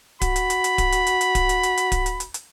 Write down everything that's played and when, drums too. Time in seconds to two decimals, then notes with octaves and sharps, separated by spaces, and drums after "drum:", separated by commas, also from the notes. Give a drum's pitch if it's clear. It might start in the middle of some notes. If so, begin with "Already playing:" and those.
0.21 F#4 B5, drum: kick D1, hi-hat
0.36 drum: hi-hat
0.50 drum: hi-hat
0.64 drum: hi-hat
0.78 drum: kick D1, hi-hat
0.92 drum: hi-hat
1.07 drum: hi-hat
1.21 drum: hi-hat
1.35 drum: kick D1, hi-hat
1.49 drum: hi-hat
1.63 drum: hi-hat
1.77 drum: hi-hat
1.92 drum: kick D1, hi-hat
2.06 drum: hi-hat
2.20 drum: hi-hat
2.34 drum: hi-hat